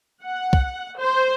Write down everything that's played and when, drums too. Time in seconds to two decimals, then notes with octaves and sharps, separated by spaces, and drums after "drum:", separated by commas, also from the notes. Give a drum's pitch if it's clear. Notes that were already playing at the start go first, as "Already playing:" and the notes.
0.25 F#5
0.53 drum: kick
0.99 C5